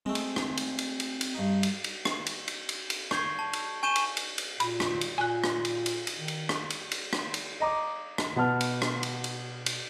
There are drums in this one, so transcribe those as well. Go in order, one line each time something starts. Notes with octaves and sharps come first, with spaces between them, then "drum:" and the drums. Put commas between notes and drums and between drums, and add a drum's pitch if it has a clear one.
G#3 A3 C4
drum: cymbal
drum: rim click
drum: cymbal
drum: cymbal
drum: cymbal
drum: cymbal
G2 D#4
drum: cymbal
drum: cymbal
drum: rim click
drum: cymbal
drum: cymbal
drum: cymbal
drum: cymbal
C#6 G6 G#6 C7, drum: rim click
A5
drum: cymbal
G#5 C#6 G6 D#7 E7 G7
drum: cymbal
drum: cymbal
drum: cymbal
A#2 B5, drum: cymbal
drum: rim click
drum: cymbal
A#2 G#5 F#6
drum: rim click
drum: cymbal
drum: cymbal
drum: cymbal
D#3
drum: cymbal
drum: rim click
drum: cymbal
drum: cymbal
drum: rim click
drum: cymbal
D#5 A#5 D6
drum: rim click
B2 B3 A5 F6
drum: cymbal
drum: rim click
drum: cymbal
drum: cymbal
drum: cymbal